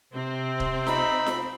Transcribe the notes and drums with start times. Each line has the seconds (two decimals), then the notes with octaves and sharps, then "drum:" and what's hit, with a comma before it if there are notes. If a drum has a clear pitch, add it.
0.13 C3 C4
0.60 drum: kick
0.87 D#4 B5 E6, drum: snare F4
1.26 drum: snare F4